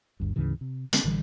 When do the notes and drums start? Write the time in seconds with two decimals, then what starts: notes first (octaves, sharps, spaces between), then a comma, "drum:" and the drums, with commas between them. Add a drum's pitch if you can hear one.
0.20 G1 D2 G2
0.36 D2 G#2 C#3 E3
0.61 C3
0.93 D3 G#3 B3 C#4, drum: hi-hat
1.04 A1 D3 E3 G3